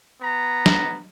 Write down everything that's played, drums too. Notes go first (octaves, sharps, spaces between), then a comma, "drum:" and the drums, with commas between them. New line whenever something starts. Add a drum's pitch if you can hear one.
B3 A#5
drum: snare